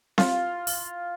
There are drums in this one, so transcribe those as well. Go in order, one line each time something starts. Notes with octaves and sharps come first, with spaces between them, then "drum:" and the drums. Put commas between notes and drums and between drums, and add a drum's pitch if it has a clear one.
F4, drum: snare C4
drum: open hi-hat